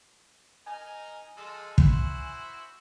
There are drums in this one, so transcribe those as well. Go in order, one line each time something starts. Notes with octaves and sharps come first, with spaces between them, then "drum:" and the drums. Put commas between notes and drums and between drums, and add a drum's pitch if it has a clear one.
D#4 A#4 G#5
F3 G#3 A4
E4 F#4 C5, drum: kick